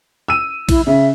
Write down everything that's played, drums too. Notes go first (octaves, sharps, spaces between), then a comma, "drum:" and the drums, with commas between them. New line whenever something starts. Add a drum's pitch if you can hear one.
E6 D#7
E4, drum: kick A#1, cymbal
C#3 E5